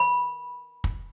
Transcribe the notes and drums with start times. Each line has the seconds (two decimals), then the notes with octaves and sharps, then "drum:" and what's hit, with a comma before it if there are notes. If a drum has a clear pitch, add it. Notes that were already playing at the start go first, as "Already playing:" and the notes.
Already playing: B5
0.84 drum: kick